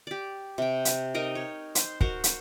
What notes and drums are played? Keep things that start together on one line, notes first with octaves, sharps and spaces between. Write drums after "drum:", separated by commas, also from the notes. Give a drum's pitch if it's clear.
G4 D5
C3 G5
drum: hi-hat
D#4 A#4 D#5 G5
C#5
C5, drum: hi-hat
F#4 A#4 C5, drum: kick
drum: hi-hat